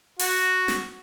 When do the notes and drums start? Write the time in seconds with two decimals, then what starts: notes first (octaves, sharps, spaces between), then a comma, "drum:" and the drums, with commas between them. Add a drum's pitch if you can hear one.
0.19 F#4, drum: open hi-hat
0.68 drum: snare